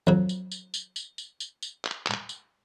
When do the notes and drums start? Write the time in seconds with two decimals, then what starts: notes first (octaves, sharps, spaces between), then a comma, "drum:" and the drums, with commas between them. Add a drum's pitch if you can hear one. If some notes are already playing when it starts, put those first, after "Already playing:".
0.07 F2 F#3
0.29 drum: tambourine
0.51 drum: tambourine
0.74 drum: tambourine
0.96 drum: tambourine
1.18 drum: tambourine
1.40 drum: tambourine
1.63 drum: tambourine
1.85 drum: clap
2.07 drum: clap
2.29 drum: tambourine